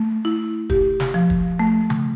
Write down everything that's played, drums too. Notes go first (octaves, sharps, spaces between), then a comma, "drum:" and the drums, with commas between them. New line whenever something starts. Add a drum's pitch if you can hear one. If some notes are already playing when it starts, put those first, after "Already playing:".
Already playing: A3
E4
G4, drum: kick
drum: snare
F3
drum: kick
A3
drum: tom C#3